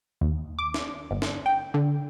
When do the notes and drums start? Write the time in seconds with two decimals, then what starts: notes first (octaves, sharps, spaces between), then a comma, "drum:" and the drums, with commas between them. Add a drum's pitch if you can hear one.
0.21 D#2
0.59 D6
0.74 drum: snare
1.11 G1
1.22 drum: snare
1.46 G5
1.74 D3